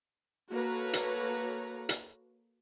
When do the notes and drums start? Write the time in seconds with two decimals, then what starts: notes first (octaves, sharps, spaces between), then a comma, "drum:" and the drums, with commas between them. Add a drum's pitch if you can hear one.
0.50 A#3 F#4 A4 B4 C#5 A#5
0.93 drum: hi-hat
1.89 drum: hi-hat